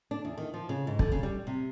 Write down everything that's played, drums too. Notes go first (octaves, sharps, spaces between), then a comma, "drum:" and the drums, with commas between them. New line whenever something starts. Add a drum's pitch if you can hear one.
D4
E2
D#3
F3
C#3
G#2
D3, drum: kick
C#3
G3
C3